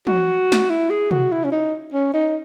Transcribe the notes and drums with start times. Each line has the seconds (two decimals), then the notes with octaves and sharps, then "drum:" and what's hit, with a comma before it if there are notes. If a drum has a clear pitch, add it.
0.07 F#4, drum: tom
0.52 drum: snare
0.70 E4
0.90 G#4
1.11 F#4, drum: tom
1.32 E4
1.44 C#4
1.52 D#4
1.93 C#4
2.14 D#4